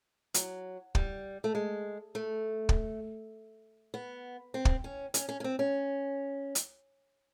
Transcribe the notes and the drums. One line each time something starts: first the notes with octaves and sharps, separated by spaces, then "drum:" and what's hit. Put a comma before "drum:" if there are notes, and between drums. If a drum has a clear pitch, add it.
F#3, drum: hi-hat
G3, drum: kick
A3
G#3
A3
drum: kick
B3
C4
drum: kick
C#4
C#4, drum: hi-hat
C#4
C#4
C4
C#4
drum: hi-hat